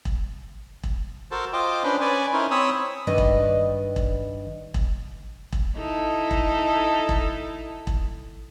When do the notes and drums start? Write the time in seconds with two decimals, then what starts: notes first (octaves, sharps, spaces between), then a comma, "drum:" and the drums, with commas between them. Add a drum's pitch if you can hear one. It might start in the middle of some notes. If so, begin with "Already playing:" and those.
0.05 drum: kick E1
0.83 drum: kick E1
1.31 F#4 A4 A#4 C5 A5
1.53 F4 C5 D#5 G5 D6
1.83 C#4 D4 B4 C5
2.01 C#4 B4 D5 G#5
2.33 C#4 D#4 E4 A#4 C5 C#5
2.51 C4 C#5 B5 D#6 E6
3.07 G2 D#3 B4 D5 D#5
3.18 drum: kick E1
3.96 drum: kick E1
4.74 drum: kick E1
5.52 drum: kick E1
5.76 D#4 E4 A4
6.31 drum: kick E1
7.09 drum: kick E1
7.87 drum: kick E1